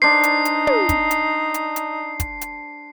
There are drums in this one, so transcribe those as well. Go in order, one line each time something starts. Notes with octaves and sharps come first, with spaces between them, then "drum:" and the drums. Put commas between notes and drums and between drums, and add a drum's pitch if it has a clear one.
D4 D#4 C5 C7
drum: hi-hat
drum: hi-hat
drum: tom
drum: kick, hi-hat
drum: hi-hat
drum: hi-hat
drum: hi-hat
drum: kick, hi-hat
drum: hi-hat